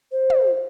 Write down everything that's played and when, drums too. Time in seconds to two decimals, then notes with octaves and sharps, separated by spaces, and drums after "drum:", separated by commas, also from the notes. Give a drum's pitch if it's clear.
0.12 C5
0.30 drum: tom